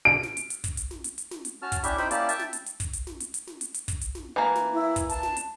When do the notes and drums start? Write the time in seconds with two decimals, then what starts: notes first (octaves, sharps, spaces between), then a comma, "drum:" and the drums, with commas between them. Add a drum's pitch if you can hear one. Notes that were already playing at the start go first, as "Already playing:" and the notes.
0.05 D7
0.23 drum: snare
0.37 drum: hi-hat
0.50 drum: hi-hat
0.64 drum: kick, hi-hat
0.77 drum: hi-hat
0.91 drum: snare
1.04 drum: hi-hat
1.18 drum: hi-hat
1.31 drum: snare
1.45 drum: hi-hat
1.62 C#4 F#4 A5 F6
1.72 drum: kick, hi-hat
1.84 C#4 D4 E4 G4 E5, drum: hi-hat
1.98 D#4 E4 C5 G5 B5, drum: snare
2.11 A#3 C#4 E4 G4 D5 A5, drum: hi-hat
2.29 E5 G5 A5, drum: hi-hat
2.39 drum: snare
2.53 drum: hi-hat
2.66 drum: hi-hat
2.80 drum: kick, hi-hat
2.93 drum: hi-hat
3.07 drum: snare
3.20 drum: hi-hat
3.34 drum: hi-hat
3.47 drum: snare
3.61 drum: hi-hat
3.74 drum: hi-hat
3.88 drum: kick, hi-hat
4.01 drum: hi-hat
4.15 drum: snare
4.36 E3 A#3
4.55 drum: snare
4.73 E4
4.96 drum: kick, hi-hat
5.09 A5, drum: hi-hat
5.23 drum: snare
5.36 drum: hi-hat